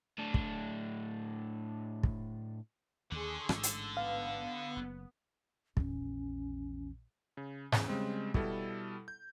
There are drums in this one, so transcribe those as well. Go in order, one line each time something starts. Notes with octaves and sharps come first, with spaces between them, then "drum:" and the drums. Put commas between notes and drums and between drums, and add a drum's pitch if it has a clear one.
A2 D4
drum: kick
drum: kick
D#2 D3 G#4 C6 C#6
A1 G#2 G#3 E6 A6, drum: rim click
drum: hi-hat
B3 F5
F#1
A#1 E2 C#4, drum: kick
C#3
E2 C#3, drum: snare G#2
C#3 G3 G#3 C4
B2 G3 E4 A4, drum: kick
G6